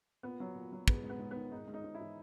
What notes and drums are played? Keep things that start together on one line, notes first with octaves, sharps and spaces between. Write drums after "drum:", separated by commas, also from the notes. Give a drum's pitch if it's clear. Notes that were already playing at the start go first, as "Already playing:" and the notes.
A#2 B3
F#3
A#2
F#3
G#3 B3, drum: kick
G#2
B3
G#2
D#3 B3
G#3 D#4
G#2
D#4
G#2
E4
E3